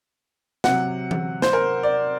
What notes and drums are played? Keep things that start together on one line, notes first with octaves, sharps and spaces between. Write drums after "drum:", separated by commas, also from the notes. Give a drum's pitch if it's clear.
C3 F#3 F#5, drum: snare
drum: tom E3
C5, drum: snare
A#4
D5